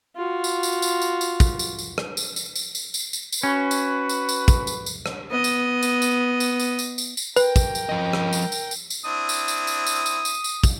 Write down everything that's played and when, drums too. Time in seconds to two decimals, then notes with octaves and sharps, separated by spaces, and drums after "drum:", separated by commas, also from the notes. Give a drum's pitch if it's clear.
0.16 F4 F#4
0.44 drum: tambourine
0.63 drum: tambourine
0.82 drum: tambourine
1.02 drum: tambourine
1.21 drum: tambourine
1.40 drum: kick, tambourine
1.59 drum: tambourine
1.79 drum: tambourine
1.98 drum: rim click
2.17 drum: tambourine
2.36 drum: tambourine
2.56 drum: tambourine
2.75 drum: tambourine
2.94 drum: tambourine
3.13 drum: tambourine
3.32 drum: tambourine
3.43 C#4 F#4 B4
3.71 drum: tambourine
4.09 drum: tambourine
4.29 drum: tambourine
4.48 drum: kick, tambourine
4.67 drum: tambourine
4.86 drum: tambourine
5.06 drum: rim click
5.30 B3 D#5
5.44 drum: tambourine
5.83 drum: tambourine
6.02 drum: tambourine
6.40 drum: tambourine
6.60 drum: tambourine
6.79 drum: tambourine
6.98 drum: tambourine
7.17 drum: tambourine
7.36 A#4 B4 G5, drum: tambourine
7.56 drum: kick, tambourine
7.75 drum: tambourine
7.89 F3 D#5
8.13 drum: rim click
8.33 drum: tambourine
8.52 drum: tambourine
8.71 drum: tambourine
8.90 drum: tambourine
9.05 C4 D4 E4 D#6
9.29 drum: tambourine
9.48 drum: tambourine
9.67 drum: tambourine
9.87 drum: tambourine
10.06 drum: tambourine
10.25 drum: tambourine
10.44 drum: tambourine
10.64 drum: kick, tambourine